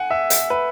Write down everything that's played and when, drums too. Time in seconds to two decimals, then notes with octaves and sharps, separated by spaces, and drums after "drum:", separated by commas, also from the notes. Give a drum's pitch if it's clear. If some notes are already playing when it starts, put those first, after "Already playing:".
Already playing: F#5 G#5
0.11 E5
0.30 drum: hi-hat
0.50 B4